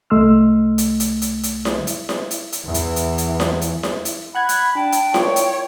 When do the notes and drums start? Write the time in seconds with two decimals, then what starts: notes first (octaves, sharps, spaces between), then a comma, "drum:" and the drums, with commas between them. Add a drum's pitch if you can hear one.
0.10 C2 A3 D#5 C6 E6 F6
0.78 drum: hi-hat
1.00 drum: hi-hat
1.22 drum: hi-hat
1.43 drum: hi-hat
1.65 drum: snare E4
1.87 drum: hi-hat
2.09 drum: snare E4
2.31 drum: hi-hat
2.52 drum: hi-hat
2.64 E2 E3
2.74 drum: hi-hat
2.96 drum: hi-hat
3.18 drum: hi-hat
3.40 drum: snare E4
3.61 drum: hi-hat
3.83 drum: snare E4
4.05 drum: hi-hat
4.35 F#5 B5 F#6 G#6
4.49 drum: hi-hat
4.75 D4 G5 A5
4.92 drum: hi-hat
5.14 F4 A#4 C#5 D5, drum: snare E4
5.36 drum: hi-hat